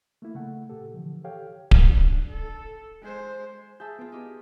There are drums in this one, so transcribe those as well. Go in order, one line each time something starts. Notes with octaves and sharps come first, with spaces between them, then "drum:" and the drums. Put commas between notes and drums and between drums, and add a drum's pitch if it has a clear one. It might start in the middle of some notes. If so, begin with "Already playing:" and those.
A3 A#3 E4
C#3 A3 F#5
A#2 G4 A4
D3 E3 F3
G4 A4 C#5 F5 G5
drum: kick D1
D4
A4
G#3 C5
G#4 E5 A5 E6 G6
B3 F4 D7
D#4 G4